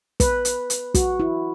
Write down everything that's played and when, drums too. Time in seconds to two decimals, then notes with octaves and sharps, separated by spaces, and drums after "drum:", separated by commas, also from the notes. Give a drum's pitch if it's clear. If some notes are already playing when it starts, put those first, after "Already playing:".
0.20 B4, drum: kick, hi-hat
0.45 drum: hi-hat
0.70 drum: hi-hat
0.95 F#4, drum: kick, hi-hat
1.20 E4